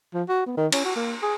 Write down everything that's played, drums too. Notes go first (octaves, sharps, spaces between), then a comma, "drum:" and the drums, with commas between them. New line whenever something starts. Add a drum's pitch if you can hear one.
F3
F#4
B3
D#3
C#4, drum: cymbal
F#4
A#3
G#4